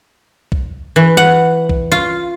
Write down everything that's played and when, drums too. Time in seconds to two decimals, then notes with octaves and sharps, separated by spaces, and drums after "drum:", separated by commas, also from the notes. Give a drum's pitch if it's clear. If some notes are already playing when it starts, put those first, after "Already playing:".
0.52 drum: kick B1
0.96 E3
1.17 F#5
1.69 drum: kick B1
1.92 F4